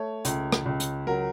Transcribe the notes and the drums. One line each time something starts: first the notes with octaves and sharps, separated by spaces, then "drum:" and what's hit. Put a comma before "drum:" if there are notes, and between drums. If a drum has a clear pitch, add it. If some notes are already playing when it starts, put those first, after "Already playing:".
Already playing: A3 C#5
C#2, drum: hi-hat
drum: rim click
C#2
drum: hi-hat
F#3 A#4